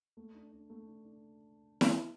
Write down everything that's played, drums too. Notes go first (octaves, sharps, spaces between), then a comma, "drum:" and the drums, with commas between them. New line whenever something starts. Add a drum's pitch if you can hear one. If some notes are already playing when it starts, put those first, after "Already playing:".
A3
D4
D4
A3
D4
D4
drum: snare E4